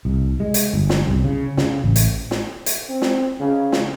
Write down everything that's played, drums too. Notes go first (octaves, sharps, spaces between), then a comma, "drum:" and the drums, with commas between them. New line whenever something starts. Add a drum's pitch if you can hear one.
C2
G#3
drum: hi-hat
G1
drum: snare
C2
C#3
C#3, drum: snare
A1
drum: hi-hat
drum: snare
drum: hi-hat
C4
drum: snare
C#3
drum: snare